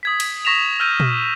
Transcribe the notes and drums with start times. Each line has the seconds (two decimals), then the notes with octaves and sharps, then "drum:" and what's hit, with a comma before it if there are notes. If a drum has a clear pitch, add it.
0.03 D#6 G#6 B6
0.20 drum: cymbal
0.45 C#6 A#6 B6 E7 F7
0.80 E6 F6 G6 G#6 D#7 F7
1.00 drum: tom A#2